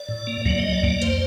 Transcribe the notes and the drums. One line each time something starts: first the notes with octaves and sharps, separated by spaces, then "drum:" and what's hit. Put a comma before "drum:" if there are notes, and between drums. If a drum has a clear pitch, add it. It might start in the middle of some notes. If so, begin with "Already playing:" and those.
Already playing: D5
A2
A#3
F#3 D5, drum: kick
F#3 D#5
D5
A#3, drum: kick
F2 C5, drum: hi-hat